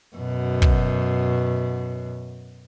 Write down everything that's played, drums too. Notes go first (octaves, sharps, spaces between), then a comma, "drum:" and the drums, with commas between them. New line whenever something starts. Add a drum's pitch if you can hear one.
F#2 B2
drum: kick